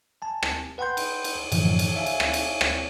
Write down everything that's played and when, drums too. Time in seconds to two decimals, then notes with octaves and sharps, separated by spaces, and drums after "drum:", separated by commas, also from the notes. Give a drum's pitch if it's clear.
0.22 G#5 A5
0.43 drum: rim click
0.78 B4 F#5 G5 B5 C6 G6
0.97 drum: cymbal
1.24 drum: cymbal
1.52 F#2 A2 D3 E3 F3, drum: cymbal
1.79 drum: cymbal
1.96 E5 F5 G#5
2.06 drum: cymbal
2.20 drum: rim click
2.34 drum: cymbal
2.61 drum: rim click